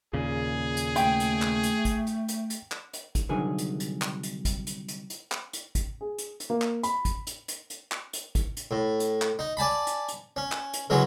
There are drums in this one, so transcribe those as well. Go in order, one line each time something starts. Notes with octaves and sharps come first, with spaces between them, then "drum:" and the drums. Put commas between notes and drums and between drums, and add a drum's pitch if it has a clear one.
D#2 A#2 C#3 G#4
drum: hi-hat
A3 G5, drum: hi-hat
drum: hi-hat
drum: clap
drum: hi-hat
drum: kick, hi-hat
drum: hi-hat
drum: hi-hat
drum: hi-hat
drum: clap
drum: hi-hat
drum: kick, hi-hat
C2 D3 D#3 F#3 G#4
drum: hi-hat
drum: hi-hat
drum: clap
drum: hi-hat
drum: kick, hi-hat
drum: hi-hat
drum: hi-hat
drum: hi-hat
drum: clap
drum: hi-hat
drum: kick, hi-hat
G#4
drum: hi-hat
drum: hi-hat
A#3
drum: clap
B5, drum: hi-hat
drum: kick, hi-hat
drum: hi-hat
drum: hi-hat
drum: hi-hat
drum: clap
drum: hi-hat
drum: kick, hi-hat
drum: hi-hat
A2
drum: hi-hat
drum: clap
D#4
D5 G#5 A5 B5
drum: hi-hat
drum: hi-hat
C#4
drum: clap
drum: hi-hat
C#3 E3 F#3 G#3 C#4